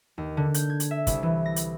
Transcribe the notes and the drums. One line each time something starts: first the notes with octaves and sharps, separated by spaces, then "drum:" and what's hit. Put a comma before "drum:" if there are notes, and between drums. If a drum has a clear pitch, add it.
D#2
D3
G6, drum: hi-hat
G#6
drum: hi-hat
E5
C2, drum: kick, hi-hat
E3
A#6
drum: hi-hat